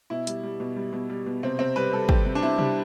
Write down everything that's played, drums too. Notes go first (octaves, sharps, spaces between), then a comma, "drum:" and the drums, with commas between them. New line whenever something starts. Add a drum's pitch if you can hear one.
B2 E4
G3, drum: hi-hat
G3
B2
G3
B2
G3
B2
C3 C4
C3 C4
G3 B4
G3 A4
G3 G4, drum: kick
C3
D4
C3 E4
G3, drum: tom C3